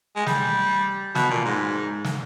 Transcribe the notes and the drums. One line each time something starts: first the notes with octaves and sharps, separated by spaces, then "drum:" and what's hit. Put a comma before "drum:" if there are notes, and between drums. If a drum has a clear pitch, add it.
G#3
G3, drum: snare
B2, drum: snare
A#2
G#2
drum: snare